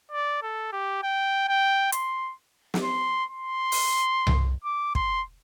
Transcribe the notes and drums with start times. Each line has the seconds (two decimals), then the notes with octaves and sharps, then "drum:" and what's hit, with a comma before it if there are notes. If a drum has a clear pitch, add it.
0.12 D5
0.42 A4
0.72 G4
1.03 G5
1.48 G5
1.92 C6, drum: hi-hat
2.74 drum: snare
2.84 C6
3.29 C6
3.72 drum: open hi-hat
4.27 drum: tom C2
4.64 D6
4.95 C6, drum: kick